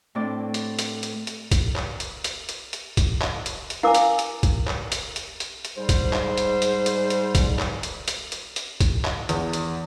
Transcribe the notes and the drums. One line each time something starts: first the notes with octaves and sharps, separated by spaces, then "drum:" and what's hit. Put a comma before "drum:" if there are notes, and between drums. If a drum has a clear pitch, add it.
A2 C4 D4 C5 D5
drum: hi-hat
drum: hi-hat
drum: hi-hat
drum: hi-hat
drum: kick, hi-hat
drum: clap
drum: hi-hat
drum: hi-hat
drum: hi-hat
drum: hi-hat
drum: kick, hi-hat
drum: clap
drum: hi-hat
drum: hi-hat
E4 A#4 F5 G#5 D6
drum: hi-hat
drum: hi-hat
drum: kick, hi-hat
drum: clap
drum: hi-hat
drum: hi-hat
drum: hi-hat
drum: hi-hat
G#2 G3 C5
drum: kick, hi-hat
drum: clap
drum: hi-hat
drum: hi-hat
drum: hi-hat
drum: hi-hat
drum: kick, hi-hat
drum: clap
drum: hi-hat
drum: hi-hat
drum: hi-hat
drum: hi-hat
drum: kick, hi-hat
drum: clap
E2, drum: hi-hat
drum: hi-hat